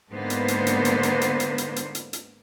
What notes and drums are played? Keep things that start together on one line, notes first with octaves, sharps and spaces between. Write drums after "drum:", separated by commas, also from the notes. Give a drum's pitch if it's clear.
G#2 D3 A#3 B3 B4 C5
drum: hi-hat
drum: hi-hat
drum: hi-hat
drum: hi-hat
drum: hi-hat
drum: hi-hat
drum: hi-hat
drum: hi-hat
drum: hi-hat
drum: hi-hat
drum: hi-hat